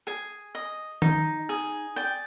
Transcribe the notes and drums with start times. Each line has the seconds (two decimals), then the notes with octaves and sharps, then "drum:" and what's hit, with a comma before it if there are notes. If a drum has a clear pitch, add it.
0.07 G#4 G#5
0.55 D#5
1.02 D#4, drum: tom D#3
1.49 G#4
1.96 D5 G5